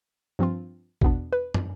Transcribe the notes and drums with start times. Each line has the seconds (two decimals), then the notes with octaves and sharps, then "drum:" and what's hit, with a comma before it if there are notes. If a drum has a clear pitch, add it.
0.39 G2 F3 C4 F4
1.01 E2 B2 B3 D4, drum: kick
1.33 B4
1.54 drum: tom